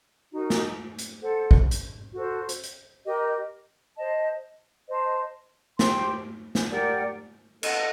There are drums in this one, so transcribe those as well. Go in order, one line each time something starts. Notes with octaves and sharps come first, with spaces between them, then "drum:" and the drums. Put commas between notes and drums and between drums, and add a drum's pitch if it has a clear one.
D#4 F#4 A#4
drum: snare
drum: hi-hat
A4 C5 F#5
drum: kick
drum: hi-hat
F#4 A4 C5
drum: hi-hat
drum: hi-hat
G4 A#4 D#5
C5 D#5 A5
C5 D#5 A5 C6
G4 C5 G5 C6, drum: snare
drum: snare
G4 A#4 D5 F#5
A4 D#5 F#5, drum: cymbal